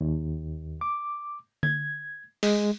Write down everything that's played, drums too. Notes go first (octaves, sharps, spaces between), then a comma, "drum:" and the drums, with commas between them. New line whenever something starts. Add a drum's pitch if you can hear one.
D#2
D6
G#6, drum: tom D3
G#3, drum: open hi-hat